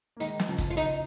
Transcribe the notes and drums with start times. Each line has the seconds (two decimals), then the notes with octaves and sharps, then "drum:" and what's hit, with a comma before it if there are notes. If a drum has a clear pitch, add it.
0.17 A#3
0.20 D#3 G#3 D#4, drum: hi-hat
0.39 drum: snare
0.49 C#3 F3
0.58 drum: kick, hi-hat
0.70 F4
0.77 D#4, drum: hi-hat